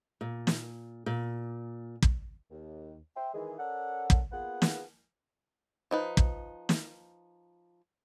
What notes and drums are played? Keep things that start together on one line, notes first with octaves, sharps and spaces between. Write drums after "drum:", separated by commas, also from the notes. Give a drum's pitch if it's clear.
A#2
drum: snare
A#2
drum: kick
D#2
C5 E5 G5
D#3 E3 G#3 G#4
C#4 A4 A#4 D5 F#5
drum: kick
A#3 B3 F4 G#4 B4 F#5
drum: snare
F3 D#4 B4
drum: kick
drum: snare